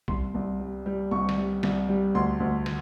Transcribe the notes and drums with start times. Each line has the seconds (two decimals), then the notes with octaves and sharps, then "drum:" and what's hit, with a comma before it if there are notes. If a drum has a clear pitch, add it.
0.08 C2 C6, drum: kick B1
0.34 C2
0.60 G3
0.86 G3
1.11 C2 C#6
1.29 drum: snare
1.38 G3
1.63 C2, drum: snare
1.89 G3
2.15 D2 C6
2.40 D2
2.66 drum: snare